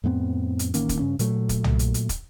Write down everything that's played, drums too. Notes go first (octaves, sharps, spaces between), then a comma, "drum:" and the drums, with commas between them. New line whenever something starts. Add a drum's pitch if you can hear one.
F2 A2 B3 C4
drum: hi-hat
A1 D#3 A#3 C#4, drum: hi-hat
drum: kick, hi-hat
G2 C#3 C#4
A#2 F#3 A3, drum: hi-hat
drum: kick, hi-hat
drum: tom
drum: hi-hat
drum: hi-hat
drum: kick, hi-hat